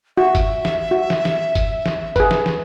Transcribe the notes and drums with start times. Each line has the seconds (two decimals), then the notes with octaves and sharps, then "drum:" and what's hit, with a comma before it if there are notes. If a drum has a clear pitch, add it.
0.17 F#4 E5
0.35 drum: kick G1, hi-hat
0.65 drum: snare
0.91 F#4
1.10 drum: snare
1.25 drum: snare
1.55 drum: kick G1, hi-hat
1.86 drum: snare
2.16 G#4 B4, drum: kick G1, hi-hat
2.31 drum: snare
2.46 drum: snare